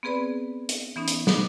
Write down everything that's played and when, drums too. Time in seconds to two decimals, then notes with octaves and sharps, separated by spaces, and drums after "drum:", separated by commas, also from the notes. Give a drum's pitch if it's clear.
0.03 B3 C4 G#4 B4 D5 B5
0.69 drum: hi-hat
0.96 E3 B3 C#4 D#4
1.08 drum: hi-hat
1.27 B2 D6, drum: snare